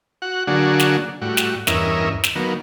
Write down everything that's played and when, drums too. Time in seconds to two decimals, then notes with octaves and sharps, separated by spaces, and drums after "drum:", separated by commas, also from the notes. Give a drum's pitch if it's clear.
0.22 F#4 F#5
0.47 D3 F#3 A#3 D4 F#4 G#4
0.80 drum: snare
1.22 A2 G3 F#4
1.37 drum: snare
1.67 E2 G2 C#4 A#4 D#5 E5, drum: snare
2.24 drum: snare
2.36 D#3 F#3 A#3 B3